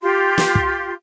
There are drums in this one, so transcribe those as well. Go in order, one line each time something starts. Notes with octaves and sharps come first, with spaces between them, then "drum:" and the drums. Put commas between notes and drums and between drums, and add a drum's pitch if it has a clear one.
F4 G4 C6
drum: snare
drum: kick